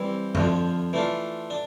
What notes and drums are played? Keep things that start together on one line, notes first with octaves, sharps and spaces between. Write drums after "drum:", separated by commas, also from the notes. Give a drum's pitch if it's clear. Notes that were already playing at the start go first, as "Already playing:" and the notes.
Already playing: E3 G3 C4 E4
F2 D3 F3, drum: tom F#2
E3 A3 D4 F4
D4